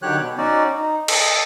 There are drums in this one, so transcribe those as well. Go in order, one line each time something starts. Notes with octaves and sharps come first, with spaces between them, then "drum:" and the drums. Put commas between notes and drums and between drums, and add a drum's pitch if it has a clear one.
D3 D#3 F#3 G4 C#5 F#6
B2
C#4 D#4 F#4 D5
D#4
A4 D#5, drum: cymbal